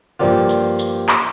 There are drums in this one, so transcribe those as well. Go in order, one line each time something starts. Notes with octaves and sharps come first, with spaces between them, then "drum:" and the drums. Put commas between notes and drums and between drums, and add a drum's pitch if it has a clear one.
G2 F3 G3 A#3 F4
drum: tambourine
drum: tambourine
drum: clap